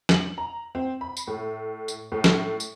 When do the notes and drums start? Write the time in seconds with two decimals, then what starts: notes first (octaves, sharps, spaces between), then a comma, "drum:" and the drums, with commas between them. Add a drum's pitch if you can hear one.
0.09 F#7, drum: snare
0.38 A#5
0.75 C4
1.01 B5
1.17 drum: tambourine
1.28 A2
1.88 drum: tambourine
2.12 A2
2.24 drum: snare
2.60 drum: tambourine